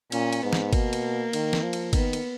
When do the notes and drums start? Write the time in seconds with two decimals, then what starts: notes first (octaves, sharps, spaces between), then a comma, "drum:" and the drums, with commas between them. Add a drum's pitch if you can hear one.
0.12 A#2 C#4, drum: cymbal
0.33 drum: cymbal
0.43 G#2 B3
0.53 drum: snare
0.73 B2 A#3, drum: kick, cymbal
0.93 drum: cymbal
1.33 D#3, drum: cymbal
1.53 drum: snare
1.63 F3
1.73 drum: cymbal
1.93 D#3 B3, drum: kick, cymbal
2.13 drum: cymbal